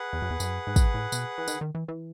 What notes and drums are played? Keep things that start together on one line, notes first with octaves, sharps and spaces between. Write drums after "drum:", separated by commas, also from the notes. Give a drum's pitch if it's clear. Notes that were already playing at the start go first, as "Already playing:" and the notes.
Already playing: G#4 B4 F#5
E2
F#2
E2
F#2, drum: tambourine
G#2
drum: kick, tambourine
A2
B2, drum: tambourine
E3
D#3, drum: tambourine
D#3
E3
E3